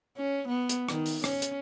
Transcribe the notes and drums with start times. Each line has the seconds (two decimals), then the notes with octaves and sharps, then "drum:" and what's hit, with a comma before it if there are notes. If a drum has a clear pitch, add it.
0.17 C#4
0.48 B3
0.69 drum: hi-hat
0.89 D#3, drum: rim click
1.06 drum: open hi-hat
1.24 C#4, drum: rim click
1.42 drum: hi-hat